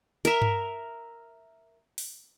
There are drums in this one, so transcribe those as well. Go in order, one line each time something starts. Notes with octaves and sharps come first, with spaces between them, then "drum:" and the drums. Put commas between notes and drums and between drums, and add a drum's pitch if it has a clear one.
A#4 E5, drum: hi-hat
drum: tom G2
drum: open hi-hat